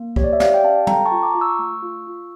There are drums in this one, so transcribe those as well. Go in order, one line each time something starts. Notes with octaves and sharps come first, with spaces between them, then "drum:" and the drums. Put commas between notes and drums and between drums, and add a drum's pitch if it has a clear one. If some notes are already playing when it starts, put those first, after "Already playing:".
Already playing: A#3
G4 C#5, drum: kick
D5
E5
G4 D5 F5, drum: snare
G5
C#4 F5 A5
A4 G5 A#5, drum: tom
A5 C#6
F4
A#5 D6
F4
C#6 E6
A3
F4
F4